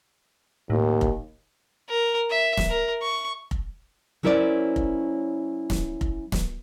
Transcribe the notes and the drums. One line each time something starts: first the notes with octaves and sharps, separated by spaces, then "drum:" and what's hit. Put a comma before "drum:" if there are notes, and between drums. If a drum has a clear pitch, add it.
D#2 A2
drum: kick F1
A#4
E5
drum: snare
A#4
C#6
drum: kick F1
F#3 C#4 E4 A#4 C5 D5
drum: kick F1
drum: snare
drum: kick F1
drum: snare